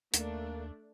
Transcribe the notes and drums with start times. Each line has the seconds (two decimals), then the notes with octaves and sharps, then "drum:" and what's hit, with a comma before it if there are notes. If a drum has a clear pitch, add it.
0.14 D#2 A3 A#3 D4, drum: hi-hat